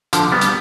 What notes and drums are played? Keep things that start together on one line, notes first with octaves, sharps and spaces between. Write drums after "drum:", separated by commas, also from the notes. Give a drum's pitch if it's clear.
D3 F3, drum: hi-hat
G3 B3
drum: hi-hat